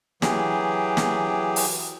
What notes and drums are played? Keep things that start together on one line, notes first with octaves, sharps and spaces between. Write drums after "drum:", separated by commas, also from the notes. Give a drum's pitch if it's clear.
E3 F#3 G4 G#4, drum: snare
drum: snare
drum: open hi-hat